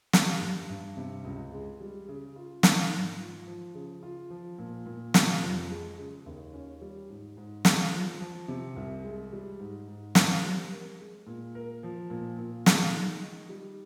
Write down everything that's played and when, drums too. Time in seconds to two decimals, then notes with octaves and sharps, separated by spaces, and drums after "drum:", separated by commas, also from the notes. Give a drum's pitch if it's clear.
0.13 G3, drum: snare
0.41 G2
0.69 G2
0.97 C3
1.24 C#2
1.53 G#3
1.81 G3
2.08 C#3
2.36 F4
2.63 D#3, drum: snare
2.92 G#2
3.20 F4
3.47 F3
3.75 C#3
4.03 F4
4.30 F3
4.59 A#2
4.86 A#2
5.14 C3, drum: snare
5.42 F2
5.70 G#3
5.98 C#3
6.26 D#2
6.54 C#4
6.81 G3
7.10 G#2
7.37 G#2
7.65 G#3, drum: snare
7.93 F3
8.21 F3
8.48 C3
8.76 C2
9.04 G#3
9.33 G3
9.60 G#2
9.88 G#2
10.15 C4, drum: snare
10.43 G3
10.71 A#4
10.99 G#3
11.27 A#2
11.55 A#4
11.83 F3
12.10 A#2
12.38 A#2
12.66 G#3, drum: snare
12.94 D#3
13.21 D#4
13.49 G3